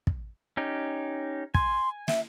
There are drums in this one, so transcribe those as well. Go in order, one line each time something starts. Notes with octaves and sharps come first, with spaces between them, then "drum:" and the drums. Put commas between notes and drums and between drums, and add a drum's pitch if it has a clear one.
drum: kick
C#4 D#4 G4
G#5 C6, drum: kick
E5, drum: snare